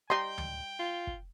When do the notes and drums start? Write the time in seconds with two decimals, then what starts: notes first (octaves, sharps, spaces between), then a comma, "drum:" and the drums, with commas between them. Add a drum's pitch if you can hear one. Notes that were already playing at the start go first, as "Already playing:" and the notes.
0.10 G3 D#4 G5 C6
0.38 drum: tom D2
0.79 F4
1.07 drum: kick